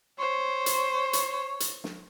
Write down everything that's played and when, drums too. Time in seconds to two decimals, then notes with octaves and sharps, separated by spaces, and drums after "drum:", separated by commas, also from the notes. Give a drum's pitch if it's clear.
0.19 C5 C#5
0.66 drum: hi-hat
1.13 drum: hi-hat
1.60 drum: hi-hat
1.84 drum: snare